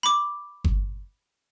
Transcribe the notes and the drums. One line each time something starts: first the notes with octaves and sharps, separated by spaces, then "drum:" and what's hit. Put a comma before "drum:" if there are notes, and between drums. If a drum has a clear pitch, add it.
B5 D6
drum: kick G1